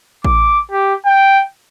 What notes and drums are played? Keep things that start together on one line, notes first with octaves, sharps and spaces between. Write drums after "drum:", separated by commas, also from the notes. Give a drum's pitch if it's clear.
D6, drum: kick A1
G4
G5